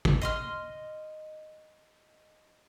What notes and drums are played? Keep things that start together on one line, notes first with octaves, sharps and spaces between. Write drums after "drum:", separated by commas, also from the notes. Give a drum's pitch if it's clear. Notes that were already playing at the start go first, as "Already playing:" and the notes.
drum: kick
D#5 C6 F6